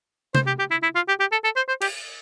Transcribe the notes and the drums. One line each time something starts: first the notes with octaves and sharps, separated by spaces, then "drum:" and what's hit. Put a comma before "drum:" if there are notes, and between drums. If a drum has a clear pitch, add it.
C5, drum: tom C3
G4
G4
E4
E4
F4
G4
G4
A4
A4
C5
C5
G4, drum: cymbal